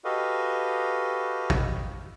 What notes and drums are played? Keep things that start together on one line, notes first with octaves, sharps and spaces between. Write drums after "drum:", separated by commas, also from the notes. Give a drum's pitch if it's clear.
F#4 G4 A4 B4 D#5 F5
drum: kick A1